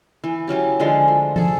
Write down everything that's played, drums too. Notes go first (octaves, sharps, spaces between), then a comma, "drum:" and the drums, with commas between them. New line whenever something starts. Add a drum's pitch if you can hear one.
E3
E3 F#3 C#4 G4
D3 F3 G#3 C6
A3
G#4 A4, drum: tom F3